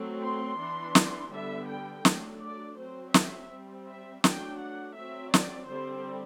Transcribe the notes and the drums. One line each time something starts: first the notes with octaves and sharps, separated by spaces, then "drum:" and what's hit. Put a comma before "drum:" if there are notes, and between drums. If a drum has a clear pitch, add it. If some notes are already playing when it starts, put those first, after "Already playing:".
Already playing: F#3 A3 C4
C6
E3 B3 D4
drum: snare
D3 G3 B3 E5
G5
F#3 A3 D4, drum: snare
D5
F#3 C4 C5
E5, drum: snare
G3 C4
E5
F#3 A3 D4 G5, drum: snare
F#5
F#3 C4 E5
D5, drum: snare
D3 G3 C4 C5